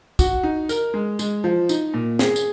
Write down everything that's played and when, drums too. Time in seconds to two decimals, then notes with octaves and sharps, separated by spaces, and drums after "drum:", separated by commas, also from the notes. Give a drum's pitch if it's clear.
0.19 F#4, drum: kick, tambourine
0.43 D#4
0.69 A#4, drum: tambourine
0.94 G#3
1.19 G#3, drum: tambourine
1.44 F3
1.69 D#4, drum: tambourine
1.94 A#2
2.19 G#4, drum: snare
2.36 drum: tambourine